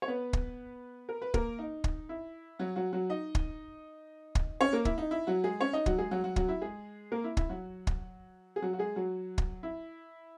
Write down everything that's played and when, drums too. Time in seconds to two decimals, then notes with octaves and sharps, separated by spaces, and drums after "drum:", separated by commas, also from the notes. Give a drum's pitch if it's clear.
0.02 C#5
0.08 B3 B4
0.33 drum: kick
1.09 A#4
1.22 B4
1.34 A#3 A#4, drum: kick
1.59 D#4
1.84 drum: kick
2.09 E4
2.59 F#3 F#4
2.76 F#3 F#4
2.93 F#3 F#4
3.09 D#4 D#5
3.35 drum: kick
4.35 drum: kick
4.61 C#4 C#5
4.73 A#3 A#4
4.85 E4, drum: kick
4.98 D#4
5.11 E4
5.27 F#3 F#4
5.44 G#3 G#4
5.61 C#4 C#5
5.73 D#4 D#5
5.86 F#3 F#4, drum: kick
5.98 G#3 G#4
6.11 F#3 F#4
6.24 F#3 F#4
6.36 F#3 F#4, drum: kick
6.48 E4
6.62 G#3 G#4
7.12 A#3 A#4
7.24 E4
7.37 E4, drum: kick
7.49 F#3 F#4
7.87 drum: kick
8.56 G#4
8.62 F#3 F#4
8.73 F#4
8.79 G#3 G#4
8.96 F#3 F#4
9.38 drum: kick
9.63 E4